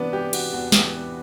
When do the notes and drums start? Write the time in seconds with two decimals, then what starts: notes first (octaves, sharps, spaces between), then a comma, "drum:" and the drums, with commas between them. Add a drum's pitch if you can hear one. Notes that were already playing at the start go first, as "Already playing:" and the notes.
Already playing: C3 E3 B3 D4 B4 D5
0.13 E3 G4
0.33 B3 F#4, drum: cymbal
0.53 E2 F#4
0.72 E3 G4, drum: snare
0.93 B3